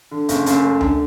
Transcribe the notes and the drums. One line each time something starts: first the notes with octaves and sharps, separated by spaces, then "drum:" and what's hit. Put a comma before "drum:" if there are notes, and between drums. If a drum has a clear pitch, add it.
D3
F#1, drum: hi-hat
F#2, drum: hi-hat
A3
D3, drum: tom D2